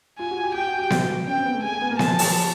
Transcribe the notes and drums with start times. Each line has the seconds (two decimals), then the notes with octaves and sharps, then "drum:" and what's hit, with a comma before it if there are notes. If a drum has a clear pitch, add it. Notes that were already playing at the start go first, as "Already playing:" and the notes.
0.19 F4 G#5
0.31 F#4
0.43 G4
0.54 G4 G5
0.67 F#4
0.79 G4
0.90 F#4, drum: snare B3
1.27 C#4 G5
1.35 C4
1.45 B3
1.54 A3
1.63 G#3 G#5
1.72 A3
1.81 B3
1.91 A#3
1.99 F3 A5, drum: snare B3
2.19 drum: open hi-hat